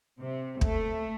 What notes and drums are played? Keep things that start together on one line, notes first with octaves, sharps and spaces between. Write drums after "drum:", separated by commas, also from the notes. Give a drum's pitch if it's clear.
C3
A3, drum: kick